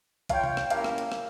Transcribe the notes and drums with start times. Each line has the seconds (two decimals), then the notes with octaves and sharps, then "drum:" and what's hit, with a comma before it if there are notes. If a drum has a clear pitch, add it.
0.29 F4 C#5 F5 G5, drum: kick, hi-hat
0.44 drum: tom C3
0.57 drum: rim click
0.70 A#3 C#4 E4 G4 A#4 F5, drum: hi-hat
0.84 drum: rim click
0.98 drum: hi-hat
1.12 drum: rim click